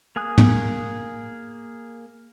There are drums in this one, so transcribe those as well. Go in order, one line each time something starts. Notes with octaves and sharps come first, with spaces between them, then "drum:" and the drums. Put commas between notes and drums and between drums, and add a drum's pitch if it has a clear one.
A#3 G#4 G#5 D#6 F#6
drum: tom